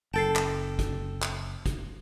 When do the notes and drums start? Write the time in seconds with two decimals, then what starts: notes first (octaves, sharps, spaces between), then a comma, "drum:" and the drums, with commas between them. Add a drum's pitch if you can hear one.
0.14 F#1 A4 G5 A5 A6 C7
0.35 drum: clap
0.79 drum: kick, hi-hat
1.22 drum: clap
1.66 drum: kick, hi-hat